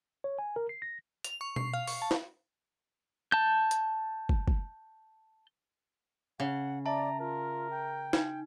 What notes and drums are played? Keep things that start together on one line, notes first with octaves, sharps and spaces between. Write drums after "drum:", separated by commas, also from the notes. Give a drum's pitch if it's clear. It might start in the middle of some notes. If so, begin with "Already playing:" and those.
C#5
G#5
A#4
C7
A#6
F7, drum: hi-hat
C#6
C7, drum: tom B2
F5
C#6, drum: open hi-hat
A5
drum: snare
A5 G6
drum: hi-hat
drum: kick
drum: kick
C#3 F#5
D5 E5 A5 A#5
F4 A#4
G5
D#4, drum: snare